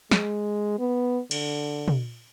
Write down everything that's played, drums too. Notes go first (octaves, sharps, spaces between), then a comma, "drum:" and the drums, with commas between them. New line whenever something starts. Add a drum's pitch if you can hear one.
G#3, drum: snare
B3
D3, drum: cymbal
drum: tom